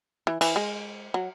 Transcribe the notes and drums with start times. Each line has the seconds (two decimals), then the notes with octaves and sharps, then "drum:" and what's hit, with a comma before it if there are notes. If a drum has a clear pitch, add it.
0.27 E3
0.41 E3, drum: cymbal
0.56 G#3
1.14 F#3